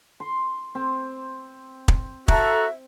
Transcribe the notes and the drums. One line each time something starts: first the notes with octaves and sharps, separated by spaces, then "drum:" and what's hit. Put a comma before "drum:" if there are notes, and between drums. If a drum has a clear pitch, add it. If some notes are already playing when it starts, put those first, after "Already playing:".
C6
C4
drum: kick
F#4 A4 E5 A#5, drum: kick